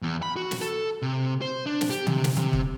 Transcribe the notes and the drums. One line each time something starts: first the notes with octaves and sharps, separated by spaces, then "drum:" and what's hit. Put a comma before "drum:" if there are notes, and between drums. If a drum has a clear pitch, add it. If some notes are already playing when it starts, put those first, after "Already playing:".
E2
B5
F#4
drum: snare
A4
C3
C5
D4
drum: snare
G4
C3, drum: tom D3
drum: snare
C3, drum: tom D3
drum: kick